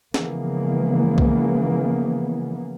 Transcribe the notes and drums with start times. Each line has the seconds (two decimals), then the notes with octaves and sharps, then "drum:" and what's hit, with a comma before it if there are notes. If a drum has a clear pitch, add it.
0.14 C#3 E3 F3 G#3 A#3 B3, drum: snare
1.18 drum: kick